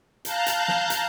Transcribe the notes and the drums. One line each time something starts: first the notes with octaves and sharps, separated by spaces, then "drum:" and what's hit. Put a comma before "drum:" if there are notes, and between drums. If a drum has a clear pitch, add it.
F5 A5 A#5 F#6 G6, drum: hi-hat
drum: hi-hat
drum: snare
drum: hi-hat